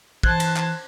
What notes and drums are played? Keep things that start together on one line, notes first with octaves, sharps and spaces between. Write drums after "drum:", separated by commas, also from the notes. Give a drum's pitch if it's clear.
E3 C5 A5 F#6 G#6, drum: kick
drum: cymbal
drum: clap